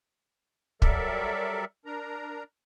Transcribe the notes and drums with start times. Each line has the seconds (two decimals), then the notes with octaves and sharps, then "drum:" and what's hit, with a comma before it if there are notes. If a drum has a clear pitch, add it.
0.82 F#3 G3 A4 A#4 D5 E5, drum: kick
1.86 D4 A#4 A#5